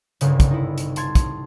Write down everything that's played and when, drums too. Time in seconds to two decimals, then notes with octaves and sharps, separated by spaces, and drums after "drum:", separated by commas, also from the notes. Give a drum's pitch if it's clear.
0.21 G1 C2 C#3, drum: hi-hat
0.40 drum: kick, hi-hat
0.51 D#4 E4
0.78 drum: hi-hat
0.96 A5 C6 G#6 A6, drum: hi-hat
1.15 drum: kick, hi-hat